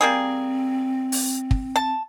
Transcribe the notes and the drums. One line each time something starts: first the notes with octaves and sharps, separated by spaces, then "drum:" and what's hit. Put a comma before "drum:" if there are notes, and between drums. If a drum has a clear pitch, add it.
G3 A#3 C4 G#4
drum: open hi-hat
drum: kick
A5